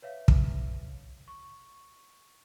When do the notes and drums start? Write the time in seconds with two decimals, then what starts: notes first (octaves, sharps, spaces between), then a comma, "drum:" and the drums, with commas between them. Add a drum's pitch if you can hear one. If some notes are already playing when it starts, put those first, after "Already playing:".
0.02 B4 C#5 E5 F5
0.28 drum: kick
1.28 C#6